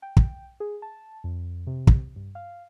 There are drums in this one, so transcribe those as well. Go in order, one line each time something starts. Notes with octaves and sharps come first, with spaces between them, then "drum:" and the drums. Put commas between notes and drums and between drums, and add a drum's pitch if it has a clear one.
G5
drum: kick
G#4
A5
F2
C3
drum: kick
G2
F5